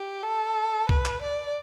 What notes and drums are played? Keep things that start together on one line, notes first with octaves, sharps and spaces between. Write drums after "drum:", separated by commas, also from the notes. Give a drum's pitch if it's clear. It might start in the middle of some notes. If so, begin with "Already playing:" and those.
Already playing: G4
A4
B4, drum: kick
drum: clap
D5